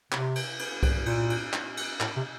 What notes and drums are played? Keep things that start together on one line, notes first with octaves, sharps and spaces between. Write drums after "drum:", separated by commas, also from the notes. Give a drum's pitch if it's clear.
C3, drum: clap
drum: cymbal
drum: cymbal
drum: kick C2, cymbal
A#2, drum: cymbal
drum: cymbal
drum: clap
drum: cymbal
A2, drum: clap
C3